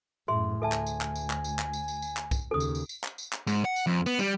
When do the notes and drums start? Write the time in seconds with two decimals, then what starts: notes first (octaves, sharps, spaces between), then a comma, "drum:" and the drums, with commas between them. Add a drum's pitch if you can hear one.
0.28 F#2 A2 G#4 E5 C6
0.62 D2 A4 E5 G#5 A5
0.72 drum: clap
0.87 drum: tambourine
1.01 drum: clap
1.15 drum: tambourine
1.30 drum: clap
1.44 drum: tambourine
1.59 drum: clap
1.73 drum: tambourine
1.88 drum: tambourine
2.02 drum: tambourine
2.17 drum: clap
2.31 drum: kick, tambourine
2.51 D#2 C#3 A4 D#6
2.60 drum: tambourine
2.75 drum: tambourine
2.89 drum: tambourine
3.04 drum: clap
3.18 drum: tambourine
3.33 drum: clap
3.47 G#2, drum: tambourine
3.65 F#5
3.76 drum: tambourine
3.87 F2
4.06 B3, drum: tambourine
4.19 G3, drum: tambourine